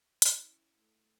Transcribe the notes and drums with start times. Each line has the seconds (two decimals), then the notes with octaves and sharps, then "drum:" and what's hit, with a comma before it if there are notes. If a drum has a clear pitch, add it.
0.22 C#4 E4, drum: hi-hat
0.78 A3